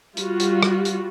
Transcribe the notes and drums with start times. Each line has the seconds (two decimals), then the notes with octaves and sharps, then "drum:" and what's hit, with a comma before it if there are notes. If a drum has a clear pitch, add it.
0.17 G3 F4 F#4, drum: hi-hat
0.40 drum: hi-hat
0.63 drum: rim click
0.85 drum: hi-hat